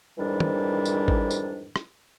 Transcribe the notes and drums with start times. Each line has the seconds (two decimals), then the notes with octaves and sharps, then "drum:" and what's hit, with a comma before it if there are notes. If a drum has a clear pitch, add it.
0.18 F2 G#2 D#3 E3 G3 D4
0.40 drum: tom
0.85 drum: tambourine
1.08 drum: kick G#1
1.31 drum: tambourine
1.76 drum: rim click